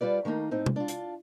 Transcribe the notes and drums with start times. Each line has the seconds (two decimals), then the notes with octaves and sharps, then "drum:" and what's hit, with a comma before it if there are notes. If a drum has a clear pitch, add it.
0.01 G3 F4 B4 D5
0.25 D#3 A3 A#3 D#4
0.51 A2 C4 D#4
0.66 drum: tom
0.76 D4 F4
0.88 drum: hi-hat